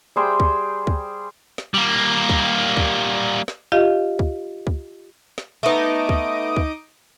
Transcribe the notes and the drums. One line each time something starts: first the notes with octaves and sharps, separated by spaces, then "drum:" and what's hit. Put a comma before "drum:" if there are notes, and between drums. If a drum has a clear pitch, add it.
G3 G#4 C5 G5
drum: kick C#2
drum: kick C#2
drum: snare
G3 A#3
drum: kick C#2
drum: kick C#2
drum: snare
F4 G4 D#5 F5
drum: kick C#2
drum: kick C#2
drum: snare
A3 B3 D#4 D#5 D6
drum: kick C#2
drum: kick C#2